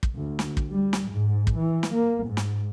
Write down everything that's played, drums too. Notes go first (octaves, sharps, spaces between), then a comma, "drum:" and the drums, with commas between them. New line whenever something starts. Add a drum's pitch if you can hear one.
drum: kick
D2
drum: snare
drum: kick
G3
drum: snare
G#2
drum: kick
E3
drum: snare
A#3
G#2
drum: snare